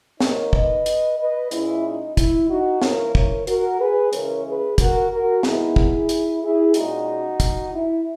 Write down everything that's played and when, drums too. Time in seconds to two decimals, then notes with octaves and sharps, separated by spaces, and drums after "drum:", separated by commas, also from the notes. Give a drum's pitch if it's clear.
0.20 D#3 A#3 D#4 A#4 C#5, drum: snare
0.53 B4 D#5, drum: kick
0.86 drum: hi-hat
1.18 B4 D#5
1.51 A#2 G#3 C#4 E4, drum: hi-hat
1.84 D#4
2.17 E4, drum: kick, hi-hat
2.50 D#4 F#4
2.82 E3 A#3 C#4 A#4 C#5, drum: snare
3.15 A#4 C#5, drum: kick
3.47 F#4 A#4, drum: hi-hat
3.80 G#4 B4
4.13 C#3 E3 G#3 C#4 A#4 C#5, drum: hi-hat
4.46 G#4 B4
4.78 F#4 A#4, drum: kick, hi-hat
5.11 F#4 A#4
5.43 D#3 G#3 B3 D#4 E4 G#4, drum: snare
5.76 drum: kick
6.09 drum: hi-hat
6.42 E4 G#4
6.74 A#2 G#3 C#4 D#4 F#4, drum: hi-hat
7.40 drum: kick, hi-hat
7.73 E4